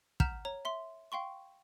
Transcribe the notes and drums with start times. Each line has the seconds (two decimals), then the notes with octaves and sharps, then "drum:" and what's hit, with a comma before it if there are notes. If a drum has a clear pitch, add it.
0.20 F#5 A#5 F6 G6 B6 E7, drum: kick
0.45 C#5 A#5
0.65 E5 C6
1.12 F5 G5 C6 C#6